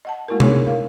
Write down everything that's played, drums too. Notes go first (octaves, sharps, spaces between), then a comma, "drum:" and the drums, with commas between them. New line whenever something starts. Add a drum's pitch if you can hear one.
D#5 F#5 A5
G#3 A#3 E4 F#4 A#4
B3 D4 D#4 G#4 C#5, drum: tom C3
A#4 F5